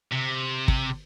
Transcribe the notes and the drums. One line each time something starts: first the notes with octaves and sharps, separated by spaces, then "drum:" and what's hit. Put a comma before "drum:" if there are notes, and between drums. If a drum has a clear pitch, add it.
C3
drum: kick